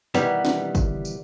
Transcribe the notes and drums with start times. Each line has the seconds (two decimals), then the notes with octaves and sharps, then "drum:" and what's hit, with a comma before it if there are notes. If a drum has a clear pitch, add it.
0.14 B2 D#3 E3 G3 B3, drum: tambourine
0.45 drum: snare C#4
0.75 drum: kick, tambourine
1.05 drum: tambourine